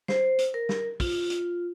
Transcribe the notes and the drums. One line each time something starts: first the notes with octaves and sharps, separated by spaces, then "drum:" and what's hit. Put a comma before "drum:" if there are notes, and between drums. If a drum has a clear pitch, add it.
C5, drum: snare
drum: hi-hat
A#4
drum: snare
F4, drum: kick, open hi-hat
drum: hi-hat